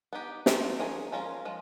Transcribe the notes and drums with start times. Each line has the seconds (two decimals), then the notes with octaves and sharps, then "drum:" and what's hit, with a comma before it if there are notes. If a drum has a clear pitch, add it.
0.13 B3 D#4 G4
0.46 A3 C4 D#4, drum: snare
0.79 F3 A#3 D#4 G#4 C#5
1.12 F3 G#3 C#4 F4 A#4
1.45 F3 G#3